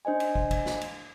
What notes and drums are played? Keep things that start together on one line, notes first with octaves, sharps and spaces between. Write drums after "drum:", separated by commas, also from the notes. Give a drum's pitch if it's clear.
D4 C5 D#5 G#5
drum: cymbal
drum: kick
drum: kick, cymbal
drum: snare
drum: cymbal